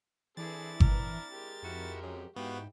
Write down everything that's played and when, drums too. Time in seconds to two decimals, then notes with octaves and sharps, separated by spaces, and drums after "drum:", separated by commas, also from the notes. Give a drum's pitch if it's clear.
0.37 E3 C4 D4 E4 G#4 A4 A6
0.80 A#5 F6, drum: kick G1
1.32 G#3 G4 A#4
1.63 F2 D#3 E4 F#4
2.01 F#2
2.36 G#2 B3 D#4 E4 F#4 G4 F5 G5